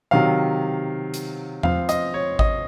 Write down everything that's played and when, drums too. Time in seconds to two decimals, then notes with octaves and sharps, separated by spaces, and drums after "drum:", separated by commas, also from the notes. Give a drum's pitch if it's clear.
0.11 C3 D#3 F#3 F5
1.14 drum: hi-hat
1.63 F3 C4 F5, drum: tom E2
1.89 D#5, drum: hi-hat
2.14 C#5
2.39 D#5, drum: kick G#1